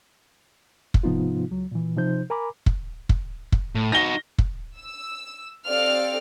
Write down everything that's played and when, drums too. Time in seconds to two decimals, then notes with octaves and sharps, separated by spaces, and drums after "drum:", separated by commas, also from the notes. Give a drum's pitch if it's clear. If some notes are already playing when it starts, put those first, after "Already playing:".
0.94 drum: kick
1.03 G#2 C3 F3 B3 D#4 F4
1.51 C#2 F#3
1.71 A#2 E3
1.97 C3 F3 D#4 C5 G6
2.30 A#4 G#5 A#5 B5 D6
2.66 drum: kick
3.09 drum: kick
3.52 drum: kick
3.75 A2
3.92 D#4 F#4 A#6 G7
4.38 drum: kick
4.79 E6
5.68 C4 G4 A4 D5 F5 F6